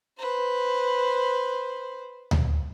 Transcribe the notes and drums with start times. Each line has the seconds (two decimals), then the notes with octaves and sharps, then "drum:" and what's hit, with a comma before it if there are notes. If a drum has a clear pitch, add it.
0.18 B4 C5
2.31 drum: tom D2